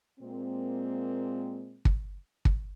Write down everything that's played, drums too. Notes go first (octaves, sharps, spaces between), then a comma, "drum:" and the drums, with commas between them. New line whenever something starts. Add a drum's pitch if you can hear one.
A#2 G#3 A#3 C4
drum: kick
drum: kick